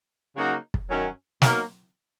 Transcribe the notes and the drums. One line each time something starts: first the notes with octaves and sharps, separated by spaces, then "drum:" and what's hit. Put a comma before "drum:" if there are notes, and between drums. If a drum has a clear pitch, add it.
C#3 F#3 A#3 D#4 F#4
drum: kick
F#2 D#3 F#3 C#4
B2 F#3 A#3 D#4 A#4, drum: snare